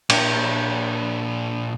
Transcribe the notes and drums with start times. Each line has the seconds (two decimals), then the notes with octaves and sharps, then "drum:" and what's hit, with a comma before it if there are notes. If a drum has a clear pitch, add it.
0.10 A#2 D4, drum: cymbal